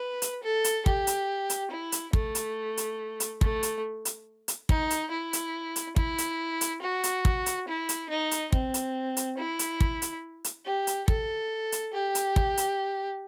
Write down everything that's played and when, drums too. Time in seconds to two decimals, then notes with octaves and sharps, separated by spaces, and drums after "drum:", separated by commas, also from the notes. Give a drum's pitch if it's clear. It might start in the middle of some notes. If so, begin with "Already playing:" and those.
Already playing: B4
0.22 drum: hi-hat
0.43 A4
0.64 drum: hi-hat
0.86 G4, drum: kick
1.07 drum: hi-hat
1.50 drum: hi-hat
1.71 E4
1.92 drum: hi-hat
2.13 A3, drum: kick
2.35 drum: hi-hat
2.77 drum: hi-hat
3.20 drum: hi-hat
3.41 A3, drum: kick
3.63 drum: hi-hat
4.05 drum: hi-hat
4.48 drum: hi-hat
4.69 D#4, drum: kick
4.90 drum: hi-hat
5.11 E4
5.33 drum: hi-hat
5.76 drum: hi-hat
5.96 E4, drum: kick
6.18 drum: hi-hat
6.61 drum: hi-hat
6.82 F#4
7.04 drum: hi-hat
7.25 drum: kick
7.46 drum: hi-hat
7.68 E4
7.89 drum: hi-hat
8.10 D#4
8.31 drum: hi-hat
8.52 C4, drum: kick
8.74 drum: hi-hat
9.17 drum: hi-hat
9.38 E4
9.59 drum: hi-hat
9.81 drum: kick
10.02 drum: hi-hat
10.44 drum: hi-hat
10.65 G4
10.87 drum: hi-hat
11.08 A4, drum: kick
11.72 drum: hi-hat
11.93 G4
12.15 drum: hi-hat
12.36 drum: kick
12.57 drum: hi-hat